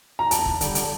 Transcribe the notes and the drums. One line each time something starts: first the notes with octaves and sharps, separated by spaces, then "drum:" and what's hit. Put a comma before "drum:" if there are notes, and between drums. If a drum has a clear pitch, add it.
A#5
E2 A5, drum: hi-hat
drum: kick C#1
D3 G3, drum: hi-hat
drum: hi-hat